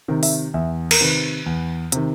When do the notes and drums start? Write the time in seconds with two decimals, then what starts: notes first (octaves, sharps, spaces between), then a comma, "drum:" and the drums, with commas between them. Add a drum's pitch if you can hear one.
0.08 C3 D#3
0.23 E5, drum: open hi-hat
0.54 E2 E5
0.91 A#4, drum: cymbal
1.01 C3 D#3 B4
1.46 E2
1.92 C3 D#3, drum: hi-hat